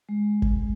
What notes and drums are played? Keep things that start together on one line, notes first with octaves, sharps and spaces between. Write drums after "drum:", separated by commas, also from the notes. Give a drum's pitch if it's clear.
G#3
drum: kick G1